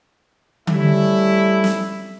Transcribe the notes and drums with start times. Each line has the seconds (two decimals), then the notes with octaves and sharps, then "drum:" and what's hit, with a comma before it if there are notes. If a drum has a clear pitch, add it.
0.67 G3 A3 C#4 E4, drum: tom D3
1.64 drum: snare